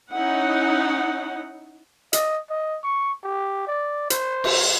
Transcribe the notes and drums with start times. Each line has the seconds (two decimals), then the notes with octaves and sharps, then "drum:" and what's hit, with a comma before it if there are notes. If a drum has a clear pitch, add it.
0.11 C#4 D#4 E4 F#5
2.13 D#5, drum: hi-hat
2.50 D#5
2.83 C#6
3.24 G4
3.67 D5
4.10 C5, drum: hi-hat
4.44 drum: cymbal